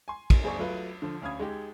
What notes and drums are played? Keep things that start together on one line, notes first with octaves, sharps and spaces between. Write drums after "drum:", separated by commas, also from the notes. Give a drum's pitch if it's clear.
G#5 C6
drum: kick, cymbal
G1 D2 G#4 C5 D5 C#6
F#3 A3 F4 G#4 B4 F5
D3 F3
D2 C#4 F5 B5 D#6 G#6
G#3 D#4 G4